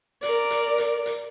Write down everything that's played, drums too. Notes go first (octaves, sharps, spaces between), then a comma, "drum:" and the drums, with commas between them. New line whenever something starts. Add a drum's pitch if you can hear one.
A#4 D5, drum: hi-hat
drum: hi-hat
drum: hi-hat
drum: hi-hat